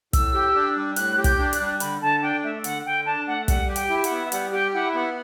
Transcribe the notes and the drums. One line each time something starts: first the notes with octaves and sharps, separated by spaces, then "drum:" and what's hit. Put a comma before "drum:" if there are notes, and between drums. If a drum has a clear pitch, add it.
A2 E6, drum: kick, hi-hat
G4
D4
G3
A2 F#6, drum: hi-hat
G4
G6, drum: kick, hi-hat
D4
F#6, drum: hi-hat
G3
D3 B5, drum: hi-hat
D3 A5
D4 G5
A3 E5
D3 F#5, drum: hi-hat
D3 G5
D4 A5
A3 F#5
G3 F#5, drum: kick, hi-hat
G4
G5, drum: hi-hat
E4
F#5, drum: hi-hat
B3
E5
G3 F#5, drum: hi-hat
G4 G5
E4 F#5
B3 F#5